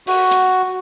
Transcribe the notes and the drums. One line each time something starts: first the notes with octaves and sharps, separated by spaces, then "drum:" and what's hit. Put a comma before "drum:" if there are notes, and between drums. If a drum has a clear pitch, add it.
F#4, drum: open hi-hat
drum: hi-hat